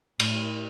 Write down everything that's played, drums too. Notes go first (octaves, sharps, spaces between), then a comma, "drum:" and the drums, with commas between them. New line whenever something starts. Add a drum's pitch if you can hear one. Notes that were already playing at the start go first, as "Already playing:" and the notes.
A2, drum: cymbal